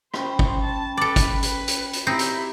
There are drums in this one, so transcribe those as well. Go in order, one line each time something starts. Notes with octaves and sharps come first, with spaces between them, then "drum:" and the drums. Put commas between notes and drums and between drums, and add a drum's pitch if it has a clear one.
C#4 C5 G5 B5, drum: rim click
drum: kick
A5
A4 B4 D5
drum: kick, hi-hat
B4, drum: hi-hat
drum: hi-hat
drum: hi-hat
C4 D#4 E4 G4
drum: hi-hat